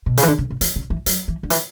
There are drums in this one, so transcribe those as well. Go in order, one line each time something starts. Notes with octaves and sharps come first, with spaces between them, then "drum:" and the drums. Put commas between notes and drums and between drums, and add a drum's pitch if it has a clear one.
B2
C#3, drum: hi-hat
E3
D3
C#3
C#3
E3, drum: hi-hat
C#3
E3
F#3, drum: hi-hat
E3
D3
E3, drum: hi-hat